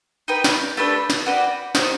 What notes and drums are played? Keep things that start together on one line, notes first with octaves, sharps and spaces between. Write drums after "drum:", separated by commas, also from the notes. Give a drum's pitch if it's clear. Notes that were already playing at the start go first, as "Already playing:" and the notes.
D#4 G4 B4
drum: snare
A3 D4 G4 B4
drum: snare
F#4 B4 D5 G5
D#4 G4 C5, drum: snare